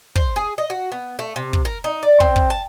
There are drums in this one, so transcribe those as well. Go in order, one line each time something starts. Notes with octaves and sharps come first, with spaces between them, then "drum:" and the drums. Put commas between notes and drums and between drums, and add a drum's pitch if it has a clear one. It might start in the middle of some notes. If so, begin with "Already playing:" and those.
C5, drum: kick
G#4
D#5
F#4
B3
A3
C3
drum: kick
A#4
D#4
D5
C4, drum: kick
drum: kick
A5